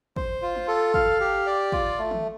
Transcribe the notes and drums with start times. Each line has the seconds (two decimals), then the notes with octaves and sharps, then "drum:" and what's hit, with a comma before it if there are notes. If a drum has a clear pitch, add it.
0.16 C5, drum: kick
0.42 F4
0.55 drum: tom
0.68 A4
0.94 F5, drum: kick
1.20 G4
1.46 D5
1.72 F4, drum: kick
1.98 A3
2.11 drum: tom D#3